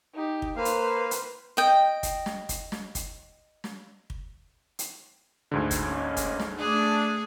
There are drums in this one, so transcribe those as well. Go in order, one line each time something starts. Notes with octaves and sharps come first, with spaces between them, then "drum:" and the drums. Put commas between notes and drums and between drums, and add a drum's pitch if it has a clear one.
D#4 G4
drum: kick
A#3 B4 C5 F5
drum: hi-hat
drum: hi-hat
D#5 G5
drum: kick, hi-hat
drum: snare
drum: kick, hi-hat
drum: snare
drum: kick, hi-hat
drum: snare
drum: kick
drum: hi-hat
D2 G#2 D3
drum: kick, hi-hat
G#3 A#3 C#4
drum: kick, hi-hat
drum: snare
A3 D4 G#4